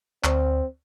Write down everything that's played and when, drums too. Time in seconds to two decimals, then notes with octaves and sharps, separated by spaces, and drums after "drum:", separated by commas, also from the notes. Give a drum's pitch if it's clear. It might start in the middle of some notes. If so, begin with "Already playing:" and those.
0.24 D2 C4, drum: clap